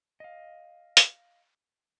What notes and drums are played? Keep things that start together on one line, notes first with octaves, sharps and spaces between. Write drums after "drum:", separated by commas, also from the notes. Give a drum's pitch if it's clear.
D#5 F5
drum: hi-hat